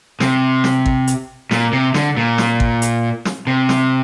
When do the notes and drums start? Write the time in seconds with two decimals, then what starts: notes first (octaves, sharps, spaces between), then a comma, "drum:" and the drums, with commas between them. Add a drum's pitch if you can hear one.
0.20 C3, drum: snare
0.64 drum: snare
0.86 drum: kick
1.07 drum: hi-hat
1.51 A#2, drum: snare
1.73 C3
1.94 D3, drum: snare
2.17 A#2
2.38 drum: snare
2.60 drum: kick
2.82 drum: hi-hat
3.25 drum: snare
3.47 C3
3.69 drum: snare